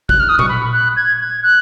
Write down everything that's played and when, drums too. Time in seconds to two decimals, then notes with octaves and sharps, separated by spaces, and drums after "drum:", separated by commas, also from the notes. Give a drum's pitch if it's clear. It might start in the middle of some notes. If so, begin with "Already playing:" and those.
0.09 F#6, drum: kick
0.20 F6
0.29 D#6
0.39 C#6, drum: tom A#2
0.49 B5
0.72 F#6
0.96 G#6
1.20 G#6
1.43 F#6